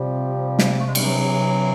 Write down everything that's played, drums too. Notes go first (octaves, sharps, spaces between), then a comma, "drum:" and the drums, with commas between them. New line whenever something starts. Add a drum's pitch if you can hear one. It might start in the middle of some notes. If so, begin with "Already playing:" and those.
Already playing: C3 F3 G3
drum: snare
A#3
A3
G#3
G3, drum: cymbal
B2
C3 E3 F#3